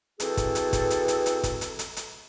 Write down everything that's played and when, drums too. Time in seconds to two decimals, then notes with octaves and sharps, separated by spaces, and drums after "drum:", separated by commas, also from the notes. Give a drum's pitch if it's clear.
0.20 E3 C4 F#4 G#4 A4, drum: hi-hat
0.37 drum: kick, hi-hat
0.55 drum: hi-hat
0.73 drum: kick, hi-hat
0.90 drum: hi-hat
1.08 drum: hi-hat
1.26 drum: hi-hat
1.43 drum: kick, hi-hat
1.61 drum: hi-hat
1.79 drum: hi-hat
1.96 drum: hi-hat